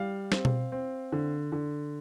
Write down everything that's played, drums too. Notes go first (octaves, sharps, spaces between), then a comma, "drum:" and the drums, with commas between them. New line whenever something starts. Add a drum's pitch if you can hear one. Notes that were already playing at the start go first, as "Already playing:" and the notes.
Already playing: G3 F5
C4, drum: snare
drum: tom B2
C4
D3
D3